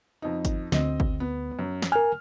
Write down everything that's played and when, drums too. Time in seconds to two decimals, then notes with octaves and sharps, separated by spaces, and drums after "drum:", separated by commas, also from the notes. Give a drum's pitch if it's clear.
0.22 F2 D#4
0.45 drum: kick G1, hi-hat
0.72 D2 C4 D#5, drum: snare
1.00 drum: kick G1
1.20 B3
1.59 F#2
1.82 drum: snare
1.92 A#4 G#5 F6